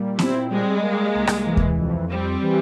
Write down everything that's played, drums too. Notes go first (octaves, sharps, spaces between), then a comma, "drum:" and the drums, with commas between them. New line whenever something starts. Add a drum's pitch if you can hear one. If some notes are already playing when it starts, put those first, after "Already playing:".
Already playing: A#2 G3
C4 E4, drum: snare B3
G3 G#3
A#3
C2
drum: rim click
E3
drum: kick D#2
F2
G3 C4
E3